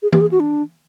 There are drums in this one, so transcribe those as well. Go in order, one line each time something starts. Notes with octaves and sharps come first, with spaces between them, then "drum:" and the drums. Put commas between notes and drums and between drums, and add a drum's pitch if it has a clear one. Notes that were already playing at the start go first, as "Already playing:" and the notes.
G#4
G4, drum: tom
G#4
F#4
D4